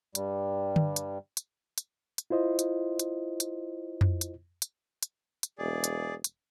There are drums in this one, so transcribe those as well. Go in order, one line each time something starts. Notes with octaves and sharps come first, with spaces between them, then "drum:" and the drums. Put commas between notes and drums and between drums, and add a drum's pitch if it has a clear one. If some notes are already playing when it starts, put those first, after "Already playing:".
G2 G3, drum: hi-hat
drum: tom D3
drum: hi-hat
drum: hi-hat
drum: hi-hat
drum: hi-hat
E4 F4 C5 D#5
drum: hi-hat
drum: hi-hat
drum: hi-hat
drum: tom F2
drum: hi-hat
drum: hi-hat
drum: hi-hat
drum: hi-hat
E1 G#4 D5
drum: hi-hat
drum: hi-hat